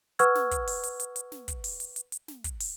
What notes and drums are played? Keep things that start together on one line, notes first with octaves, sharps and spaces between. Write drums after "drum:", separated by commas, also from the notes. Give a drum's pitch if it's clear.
B4 F#5 C#6 E6 F6 G#6, drum: hi-hat
drum: snare
drum: kick, hi-hat
drum: open hi-hat
drum: hi-hat
drum: hi-hat
drum: hi-hat
drum: snare
drum: kick, hi-hat
drum: open hi-hat
drum: hi-hat
drum: hi-hat
drum: hi-hat
drum: snare
drum: kick, hi-hat
drum: open hi-hat